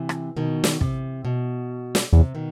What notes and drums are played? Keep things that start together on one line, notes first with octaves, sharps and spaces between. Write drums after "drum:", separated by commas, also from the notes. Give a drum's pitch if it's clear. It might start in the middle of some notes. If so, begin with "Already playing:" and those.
Already playing: C3 E3
drum: rim click
B2 D#3
drum: snare
C3, drum: kick
B2
drum: snare
E2 C3
B2 D#3